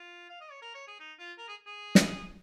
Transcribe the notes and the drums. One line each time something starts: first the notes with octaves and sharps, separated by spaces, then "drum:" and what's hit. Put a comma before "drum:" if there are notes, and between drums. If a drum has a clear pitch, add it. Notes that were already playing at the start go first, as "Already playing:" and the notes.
Already playing: F4
F5
D#5
C#5
A#4
C#5
G#4
D#4
F4
A#4
G#4
G#4
drum: snare